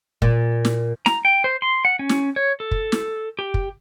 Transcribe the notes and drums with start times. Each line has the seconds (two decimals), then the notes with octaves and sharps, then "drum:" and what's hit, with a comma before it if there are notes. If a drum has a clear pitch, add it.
0.22 A#2, drum: kick
0.65 drum: snare
1.06 A#5, drum: snare
1.25 G5
1.44 C5
1.62 C6
1.85 F#5
1.99 C#4
2.09 drum: snare
2.36 C#5
2.60 A4
2.71 drum: kick
2.92 drum: snare
3.39 G4
3.54 drum: kick